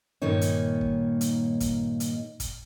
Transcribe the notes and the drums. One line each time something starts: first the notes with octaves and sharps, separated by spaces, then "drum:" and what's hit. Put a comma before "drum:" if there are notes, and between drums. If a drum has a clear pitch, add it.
G2 A#2 D#3 A#3 D#4 C#5
drum: hi-hat
drum: kick
drum: hi-hat
drum: kick, hi-hat
drum: hi-hat
drum: kick, hi-hat